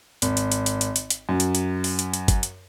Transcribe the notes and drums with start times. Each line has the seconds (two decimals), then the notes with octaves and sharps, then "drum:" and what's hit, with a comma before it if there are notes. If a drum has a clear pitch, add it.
0.22 G#1, drum: hi-hat
0.37 drum: hi-hat
0.52 drum: hi-hat
0.66 drum: hi-hat
0.81 drum: hi-hat
0.96 drum: hi-hat
1.10 drum: hi-hat
1.29 F#2
1.40 drum: hi-hat
1.55 drum: hi-hat
1.84 drum: open hi-hat
1.99 drum: hi-hat
2.14 drum: hi-hat
2.28 drum: kick G1, hi-hat
2.43 drum: hi-hat